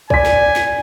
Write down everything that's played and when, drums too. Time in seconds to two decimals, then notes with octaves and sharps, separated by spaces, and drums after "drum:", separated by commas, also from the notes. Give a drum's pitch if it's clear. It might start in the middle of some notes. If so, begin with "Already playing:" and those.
0.10 D5 G#5 B6, drum: kick
0.25 drum: snare
0.56 drum: snare